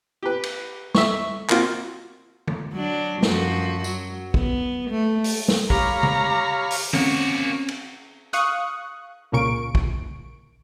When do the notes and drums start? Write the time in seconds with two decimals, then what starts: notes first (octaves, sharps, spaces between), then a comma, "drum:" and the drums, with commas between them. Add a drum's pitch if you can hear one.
0.23 G4 B4
0.43 drum: cymbal
0.95 E5 C#6, drum: snare
1.50 A#3 C4 F4 F#4, drum: clap
2.48 drum: tom D3
2.73 F#3 D4
3.22 F#2 F3 F#4, drum: snare
3.84 F#3, drum: tambourine
4.34 B3, drum: kick
4.91 A3
5.24 drum: open hi-hat
5.48 drum: snare
5.70 G4 C#5 F5 A#5 B5, drum: kick
6.03 drum: tom C#3
6.71 drum: open hi-hat
6.93 A#3 C4 C#4 F#4, drum: tom D3
7.68 drum: cymbal
8.33 F5 C#6 D#6 F#6, drum: hi-hat
9.32 C#2 A#2 C#3 A#3 C#6 D7
9.75 drum: kick